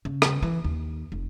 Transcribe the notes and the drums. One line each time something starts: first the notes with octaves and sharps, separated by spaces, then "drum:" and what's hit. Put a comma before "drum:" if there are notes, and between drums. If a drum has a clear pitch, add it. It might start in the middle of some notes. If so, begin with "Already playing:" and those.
C#3
drum: rim click
E3
D#2
F1